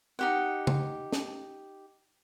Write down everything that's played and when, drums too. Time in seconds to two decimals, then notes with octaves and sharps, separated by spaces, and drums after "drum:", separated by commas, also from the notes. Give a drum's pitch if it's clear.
0.19 D#4 G4 F#5
0.67 drum: tom
1.12 drum: snare